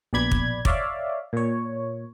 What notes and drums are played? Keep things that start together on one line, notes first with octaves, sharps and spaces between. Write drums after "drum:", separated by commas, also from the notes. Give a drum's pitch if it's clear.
A#1 B2 D5 B5 G#6
drum: kick
C#5 D5 E5 F5, drum: kick
A#2 C#5